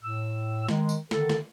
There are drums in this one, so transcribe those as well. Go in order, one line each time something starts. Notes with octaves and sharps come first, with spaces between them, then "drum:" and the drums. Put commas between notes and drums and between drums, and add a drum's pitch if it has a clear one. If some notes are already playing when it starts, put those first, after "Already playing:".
A2 E6
D#3 G#3, drum: snare
drum: tambourine
D3 D#3 A4, drum: snare
drum: snare